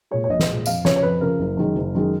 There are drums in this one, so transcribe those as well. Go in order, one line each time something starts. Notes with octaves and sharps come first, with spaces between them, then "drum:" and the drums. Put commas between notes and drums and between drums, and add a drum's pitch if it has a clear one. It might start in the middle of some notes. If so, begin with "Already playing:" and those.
A#2 G#3 C#5
C#5
A#1 D#5
drum: snare
A#2 G#3
F2 F5, drum: tambourine
C#3 F3 C#5, drum: snare
C#5
F2 B4
C#3 F3 A#4
F#1
F#2 D#3 G#3
F#1
F#2 D#3 G#3